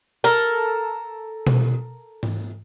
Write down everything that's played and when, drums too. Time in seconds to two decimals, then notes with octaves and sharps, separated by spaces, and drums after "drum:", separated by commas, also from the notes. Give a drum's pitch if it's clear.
0.24 A4 A#4
1.47 drum: tom B2
2.23 drum: tom G#2